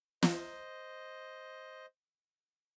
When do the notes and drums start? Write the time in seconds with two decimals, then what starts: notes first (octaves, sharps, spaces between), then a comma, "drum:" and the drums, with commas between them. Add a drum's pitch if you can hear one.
0.23 C5 D#5, drum: snare